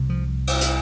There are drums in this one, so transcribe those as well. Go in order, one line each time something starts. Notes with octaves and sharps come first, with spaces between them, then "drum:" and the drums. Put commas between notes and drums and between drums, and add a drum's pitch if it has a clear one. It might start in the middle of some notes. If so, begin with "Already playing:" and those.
Already playing: C2 C3
F3
drum: cymbal
drum: hi-hat